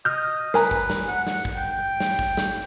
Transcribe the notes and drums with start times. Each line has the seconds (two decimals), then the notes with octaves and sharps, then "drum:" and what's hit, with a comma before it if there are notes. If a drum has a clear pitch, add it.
0.05 D#5 F6 G6
0.54 A#4 B4 G#5 A#5, drum: snare
0.71 drum: kick
0.90 drum: snare
1.08 F#5
1.27 drum: snare
1.45 drum: kick
1.56 G5
2.00 drum: snare
2.19 drum: kick
2.37 drum: snare